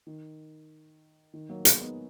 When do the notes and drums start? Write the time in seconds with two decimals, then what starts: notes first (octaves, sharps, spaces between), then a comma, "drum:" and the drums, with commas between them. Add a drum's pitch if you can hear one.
0.07 D#3
1.34 D#3
1.49 F#3 A#3
1.65 G#3 B3, drum: hi-hat
1.81 B3 D#4